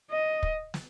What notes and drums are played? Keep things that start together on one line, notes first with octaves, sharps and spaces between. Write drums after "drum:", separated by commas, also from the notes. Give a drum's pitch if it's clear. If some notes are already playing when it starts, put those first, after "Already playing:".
D#5
drum: kick
drum: snare